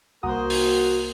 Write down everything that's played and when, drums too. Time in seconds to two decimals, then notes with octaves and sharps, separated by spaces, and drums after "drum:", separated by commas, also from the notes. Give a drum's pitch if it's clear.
0.23 C2 A#3 F#4 C5 A#5 D#6
0.50 drum: open hi-hat